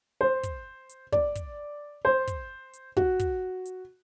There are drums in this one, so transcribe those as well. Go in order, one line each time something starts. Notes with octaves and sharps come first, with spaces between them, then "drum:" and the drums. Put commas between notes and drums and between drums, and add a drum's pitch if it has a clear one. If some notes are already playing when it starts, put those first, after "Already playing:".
C5
drum: kick, hi-hat
drum: hi-hat
D5, drum: kick
drum: kick, hi-hat
C5
drum: kick, hi-hat
drum: hi-hat
F#4, drum: kick
drum: kick, hi-hat
drum: hi-hat